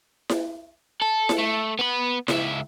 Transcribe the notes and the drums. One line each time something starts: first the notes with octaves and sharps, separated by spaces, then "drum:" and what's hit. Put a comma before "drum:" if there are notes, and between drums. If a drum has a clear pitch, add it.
drum: snare E4
A4
drum: snare E4
A3
B3 B5
C#2 E5, drum: snare E4